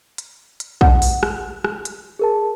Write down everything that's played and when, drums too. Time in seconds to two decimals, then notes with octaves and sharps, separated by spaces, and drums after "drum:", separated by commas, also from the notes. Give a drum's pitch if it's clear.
0.18 drum: hi-hat
0.60 drum: hi-hat
0.81 F#5, drum: kick
1.02 drum: open hi-hat
1.23 drum: rim click
1.64 drum: rim click
1.85 drum: hi-hat
2.19 G#4 A#4 A5